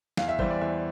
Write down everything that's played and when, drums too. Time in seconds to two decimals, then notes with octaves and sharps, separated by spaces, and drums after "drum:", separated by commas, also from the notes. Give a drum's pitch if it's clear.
0.17 E2 F5, drum: snare
0.28 E5
0.39 E3 G3 C5, drum: kick G#1
0.50 D5
0.61 E2 E5